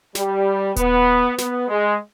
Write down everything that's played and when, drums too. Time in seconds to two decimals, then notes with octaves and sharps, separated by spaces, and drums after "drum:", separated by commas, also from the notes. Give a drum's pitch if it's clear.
0.15 G3, drum: snare
0.76 B3, drum: kick D#1, hi-hat
1.38 B3, drum: snare
1.68 G#3